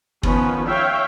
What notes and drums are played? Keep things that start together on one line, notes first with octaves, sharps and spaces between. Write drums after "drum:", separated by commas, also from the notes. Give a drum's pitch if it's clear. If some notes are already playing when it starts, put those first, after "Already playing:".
D#3 F3 B3 C#4 B4, drum: kick
C#5 E5 F5 G5